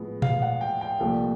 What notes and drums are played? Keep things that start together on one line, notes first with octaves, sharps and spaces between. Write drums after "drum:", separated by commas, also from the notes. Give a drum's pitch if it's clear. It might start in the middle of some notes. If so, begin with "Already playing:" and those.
Already playing: A2 F3 G#3 B3
F5, drum: tom A#2
F#5
G5
G5
C2 A#2 F3 A3